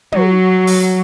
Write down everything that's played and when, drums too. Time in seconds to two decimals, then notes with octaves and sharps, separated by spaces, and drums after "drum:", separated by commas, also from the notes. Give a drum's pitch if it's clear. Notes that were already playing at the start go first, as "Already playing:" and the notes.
0.12 F#3, drum: tom
0.67 drum: open hi-hat